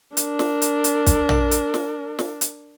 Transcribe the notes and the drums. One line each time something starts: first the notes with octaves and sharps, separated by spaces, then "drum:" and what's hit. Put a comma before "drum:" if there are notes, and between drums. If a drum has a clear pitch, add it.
D4 A#4, drum: hi-hat
drum: snare
drum: hi-hat
drum: hi-hat
drum: kick, hi-hat
drum: tom A#1
drum: hi-hat
drum: snare
drum: snare
drum: hi-hat